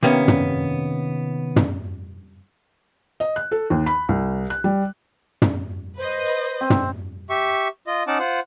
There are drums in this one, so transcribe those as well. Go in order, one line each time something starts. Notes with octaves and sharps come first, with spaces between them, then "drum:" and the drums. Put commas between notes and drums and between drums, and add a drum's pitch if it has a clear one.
C3 D#3 A#3 B3 C#4
drum: tom
drum: tom
D#5
F#6
A4
D#2
B5
C2
F#6
G3
drum: tom
B4 C5 D#5
C4
drum: tom
G4 E5 C#6
F4 D#5
C#4 D#4 F#5 A5 D6
F4 C5 F#5